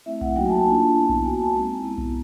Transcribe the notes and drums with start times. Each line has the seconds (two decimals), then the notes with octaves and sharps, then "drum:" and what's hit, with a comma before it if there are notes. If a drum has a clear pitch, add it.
0.06 A3 C4 E4 E5
0.21 F#5, drum: kick B1
0.36 F#3 A#3 D#4 F#4 G5
0.46 G#5
0.50 A5
0.65 A#3 D4 F4 A5
0.95 B3 E4
1.09 drum: kick B1
1.24 A#3 D#4 F#4 G#5
1.34 A5
1.44 A#5
1.53 G#3 C4 E4
1.83 B3 E4
1.98 drum: kick B1